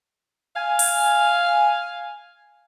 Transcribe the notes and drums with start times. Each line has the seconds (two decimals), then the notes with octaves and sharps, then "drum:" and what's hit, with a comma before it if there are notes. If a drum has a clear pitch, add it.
0.56 F5 G#5
0.79 drum: open hi-hat